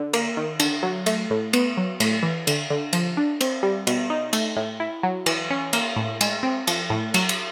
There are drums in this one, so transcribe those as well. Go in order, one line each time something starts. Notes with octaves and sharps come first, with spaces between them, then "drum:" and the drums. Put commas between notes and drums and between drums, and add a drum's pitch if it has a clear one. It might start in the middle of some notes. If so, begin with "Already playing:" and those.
Already playing: D3
A#3, drum: cymbal
D#3
D3, drum: cymbal
F#3
A3, drum: cymbal
A2
B3, drum: cymbal
F#3
A2, drum: cymbal
E3
D3, drum: cymbal
D3
F3, drum: cymbal
D4
C4, drum: cymbal
G3
B2, drum: cymbal
D#4
A3, drum: cymbal
A2
E4
F#3
E3, drum: cymbal
C#4
A#3, drum: cymbal
A2
G#3, drum: cymbal
C4
F3, drum: cymbal
A2
F#3, drum: cymbal
drum: cymbal